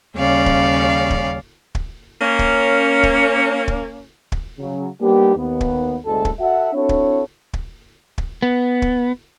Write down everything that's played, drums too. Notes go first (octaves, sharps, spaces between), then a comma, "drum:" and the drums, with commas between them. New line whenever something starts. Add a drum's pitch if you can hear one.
D#2 C#3 G3 C#4 D5 F5
drum: kick
drum: kick
drum: kick
A#3 C#4
drum: kick
drum: kick
drum: kick
drum: kick
C#3 F#3
G3 A#3 B3 D4 D#4 G4
D#2 B3
drum: kick
F#1 D2 G#3 A4
drum: kick
F#4 A4 E5 F#5
C4 D4 E4 F#4 A4 C#5
drum: kick
drum: kick
drum: kick
B3
drum: kick